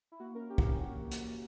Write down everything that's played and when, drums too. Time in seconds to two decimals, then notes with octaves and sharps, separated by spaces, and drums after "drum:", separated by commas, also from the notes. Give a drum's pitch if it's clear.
0.12 E4
0.20 A#3 F#4
0.35 C#4 A#4
0.50 C#4 G4
0.58 A#4, drum: kick
0.65 C#4 G4
0.80 A#3 F#4
0.95 E3
1.11 A#3, drum: hi-hat
1.26 A#3